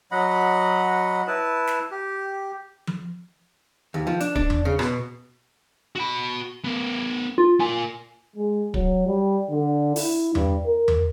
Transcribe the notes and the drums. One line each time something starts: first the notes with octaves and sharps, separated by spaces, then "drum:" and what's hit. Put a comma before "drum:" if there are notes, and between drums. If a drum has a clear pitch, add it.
F#3 D#5 F#5 B5
E4 B4 A5
drum: snare
G4
drum: tom F3
D#2
F3
D4, drum: hi-hat
D4, drum: kick
drum: tom E2
C#3
B2, drum: rim click
F#4 B5
B3 A#4
F4
F4 A#4 G#5
G#3
F#3, drum: kick
G3
D3
E4, drum: open hi-hat
G2, drum: tom E2
A#4
drum: tom E2